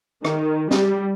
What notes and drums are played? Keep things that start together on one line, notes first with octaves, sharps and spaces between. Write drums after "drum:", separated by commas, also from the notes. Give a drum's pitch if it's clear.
D#3, drum: rim click
G3, drum: snare